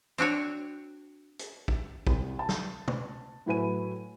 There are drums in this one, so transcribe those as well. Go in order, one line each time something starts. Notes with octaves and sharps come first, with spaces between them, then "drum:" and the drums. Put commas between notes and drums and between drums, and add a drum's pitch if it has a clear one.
C4 D4 F#4 C#5
drum: hi-hat
drum: kick
C2, drum: kick
A5
drum: snare
drum: tom
A2 F#3 E4 B4 G#5 D#7